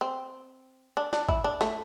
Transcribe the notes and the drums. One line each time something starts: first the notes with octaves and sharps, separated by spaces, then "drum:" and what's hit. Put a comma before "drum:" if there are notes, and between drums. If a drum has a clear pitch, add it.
C4
D4
D4, drum: snare
E4, drum: kick
D4
A3, drum: snare